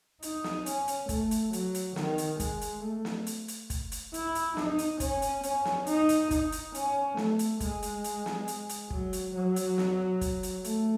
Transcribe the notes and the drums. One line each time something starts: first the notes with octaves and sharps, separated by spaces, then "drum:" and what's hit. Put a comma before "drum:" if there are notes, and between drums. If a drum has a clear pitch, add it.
D#4, drum: hi-hat
drum: snare
C#4, drum: hi-hat
drum: hi-hat
A3, drum: kick, hi-hat
drum: hi-hat
F#3, drum: hi-hat
drum: hi-hat
D#3, drum: snare
drum: hi-hat
G#3, drum: kick, hi-hat
drum: hi-hat
A3
drum: snare
drum: hi-hat
drum: hi-hat
drum: kick, hi-hat
drum: hi-hat
E4, drum: hi-hat
drum: hi-hat
D#4, drum: snare
drum: hi-hat
C#4, drum: kick, hi-hat
drum: hi-hat
C#4, drum: hi-hat
drum: snare
D#4, drum: hi-hat
drum: hi-hat
D#4, drum: kick, hi-hat
drum: hi-hat
C#4, drum: hi-hat
A3, drum: snare
drum: hi-hat
G#3, drum: kick, hi-hat
drum: hi-hat
drum: hi-hat
drum: snare
drum: hi-hat
drum: hi-hat
F#3, drum: kick
drum: hi-hat
F#3
drum: hi-hat
drum: snare
drum: kick, hi-hat
drum: hi-hat
A3, drum: hi-hat